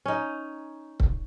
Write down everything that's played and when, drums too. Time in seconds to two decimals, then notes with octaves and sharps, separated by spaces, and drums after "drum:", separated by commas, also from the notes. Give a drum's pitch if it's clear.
0.06 C#4 D#4
1.00 drum: kick C#1